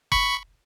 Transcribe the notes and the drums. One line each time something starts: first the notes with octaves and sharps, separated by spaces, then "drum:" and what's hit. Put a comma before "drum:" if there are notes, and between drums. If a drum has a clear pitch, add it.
B5 C#6, drum: kick F#1